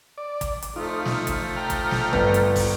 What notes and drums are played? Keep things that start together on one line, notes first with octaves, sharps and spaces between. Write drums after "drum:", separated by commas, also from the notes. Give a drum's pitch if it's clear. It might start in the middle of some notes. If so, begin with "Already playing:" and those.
D5
drum: kick, hi-hat
drum: hi-hat
F3 A3 D#4 F4
drum: snare
drum: kick, hi-hat
G5 A#5 F6
drum: kick, hi-hat
drum: snare
G1 B4, drum: kick
drum: hi-hat
drum: kick, open hi-hat